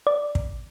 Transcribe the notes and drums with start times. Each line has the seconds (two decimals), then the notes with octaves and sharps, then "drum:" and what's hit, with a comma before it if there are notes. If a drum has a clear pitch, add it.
0.07 D5
0.35 drum: kick